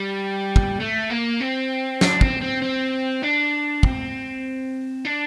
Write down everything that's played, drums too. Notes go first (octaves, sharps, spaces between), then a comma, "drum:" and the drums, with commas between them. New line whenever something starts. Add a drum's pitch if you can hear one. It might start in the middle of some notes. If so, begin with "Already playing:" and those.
Already playing: G3
drum: kick
A3
A#3
C4
D4, drum: snare
C4, drum: kick
C4
C4
D4
C4, drum: kick
D4